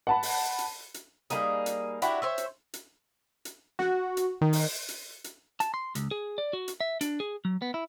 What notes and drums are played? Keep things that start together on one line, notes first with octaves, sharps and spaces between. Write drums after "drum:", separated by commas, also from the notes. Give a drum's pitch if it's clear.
F#5 A5 B5
drum: open hi-hat
drum: hi-hat
drum: hi-hat
G3 A#3 D#4 G#4, drum: hi-hat
drum: hi-hat
D4 E4 F#4 G4, drum: hi-hat
C5 C#5 E5
drum: hi-hat
drum: hi-hat
drum: hi-hat
F#4, drum: snare
drum: hi-hat
D#3
drum: open hi-hat
drum: hi-hat
drum: hi-hat
A5, drum: hi-hat
C6
C#2, drum: hi-hat
G#4
D5
F#4
drum: hi-hat
E5
D4, drum: hi-hat
G#4
F#3
B3
E4